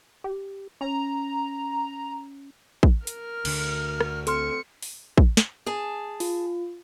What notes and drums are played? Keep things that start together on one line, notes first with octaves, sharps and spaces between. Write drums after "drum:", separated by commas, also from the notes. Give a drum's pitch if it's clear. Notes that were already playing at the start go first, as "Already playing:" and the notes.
G4
C#4 A#5
drum: kick
A#4 F6, drum: hi-hat
D2 D3, drum: cymbal
drum: rim click
C4 A4 C6 F6 C#7, drum: hi-hat
drum: open hi-hat
drum: kick
drum: snare
G#4 A5
F4, drum: open hi-hat